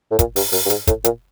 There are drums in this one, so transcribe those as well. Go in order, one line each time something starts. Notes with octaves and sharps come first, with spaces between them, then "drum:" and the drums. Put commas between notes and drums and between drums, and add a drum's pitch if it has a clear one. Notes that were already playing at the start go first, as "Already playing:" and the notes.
A2
A#2, drum: kick, hi-hat
G2, drum: open hi-hat
F#2, drum: open hi-hat
G2
G#2, drum: hi-hat
A2, drum: kick, hi-hat
A#2, drum: hi-hat